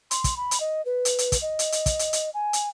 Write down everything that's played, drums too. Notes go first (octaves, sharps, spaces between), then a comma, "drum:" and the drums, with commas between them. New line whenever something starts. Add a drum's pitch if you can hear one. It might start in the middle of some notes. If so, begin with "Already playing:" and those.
C6, drum: hi-hat
drum: kick, hi-hat
B5
drum: hi-hat
D#5
B4
drum: hi-hat
drum: hi-hat
drum: kick, hi-hat
D#5
drum: hi-hat
drum: hi-hat
drum: kick, hi-hat
drum: hi-hat
drum: hi-hat
G#5
drum: hi-hat